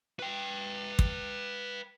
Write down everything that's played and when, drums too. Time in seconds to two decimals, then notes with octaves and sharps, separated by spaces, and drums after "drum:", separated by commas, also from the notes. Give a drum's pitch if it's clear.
0.19 B4 G5
0.99 drum: kick